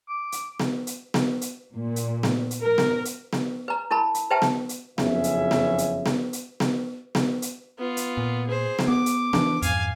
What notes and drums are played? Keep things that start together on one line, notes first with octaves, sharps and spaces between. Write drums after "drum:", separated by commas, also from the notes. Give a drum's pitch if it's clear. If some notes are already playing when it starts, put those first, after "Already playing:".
D6
drum: hi-hat
drum: snare B3
drum: hi-hat
drum: snare B3
drum: hi-hat
A#2
drum: hi-hat
drum: snare B3
drum: hi-hat
A#4
drum: snare B3
drum: hi-hat
drum: snare B3
B4 A#5
E4 A#4 A5 B5
drum: hi-hat
B4 C5 E5 G5 A5 A#5
drum: snare B3
drum: hi-hat
F#1 F2 B2 C#4 G#4 E5, drum: snare B3
drum: hi-hat
drum: snare B3
drum: hi-hat
drum: snare B3
drum: hi-hat
drum: snare B3
drum: snare B3
drum: hi-hat
B3 F4
drum: hi-hat
A#2
G#4 C5
drum: snare B3
B3 D6
drum: hi-hat
E3 D4, drum: snare B3
F2 G#2 F5 G#5, drum: hi-hat